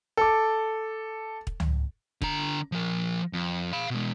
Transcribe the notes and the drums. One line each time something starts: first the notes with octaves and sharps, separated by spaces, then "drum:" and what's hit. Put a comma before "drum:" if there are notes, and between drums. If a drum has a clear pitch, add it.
A4 D6
drum: kick
drum: tom C#2
D3 A#5, drum: kick
F3 A#4
F2
F5 B5
B2 G#3